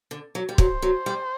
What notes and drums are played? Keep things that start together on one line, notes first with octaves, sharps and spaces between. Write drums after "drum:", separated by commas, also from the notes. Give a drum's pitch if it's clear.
D3
F#3
G3
F#3 C5, drum: kick
F#3
G3